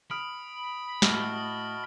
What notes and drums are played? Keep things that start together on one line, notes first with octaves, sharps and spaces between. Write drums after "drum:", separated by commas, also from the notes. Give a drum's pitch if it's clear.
B5 D#6 F6 D7
A2 F#4 D#5 A5 F6, drum: snare